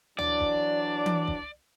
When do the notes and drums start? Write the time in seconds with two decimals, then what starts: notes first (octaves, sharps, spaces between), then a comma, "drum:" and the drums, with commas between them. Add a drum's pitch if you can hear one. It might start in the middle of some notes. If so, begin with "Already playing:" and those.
0.19 E3 F#3 D4 D5, drum: tom D2
0.40 drum: kick
1.06 drum: tom E3
1.28 drum: kick